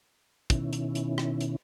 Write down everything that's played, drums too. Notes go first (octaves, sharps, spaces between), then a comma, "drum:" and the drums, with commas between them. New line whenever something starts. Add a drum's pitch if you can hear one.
B2 D#3 C#4 E4, drum: kick, hi-hat
drum: hi-hat
drum: hi-hat
drum: rim click
drum: hi-hat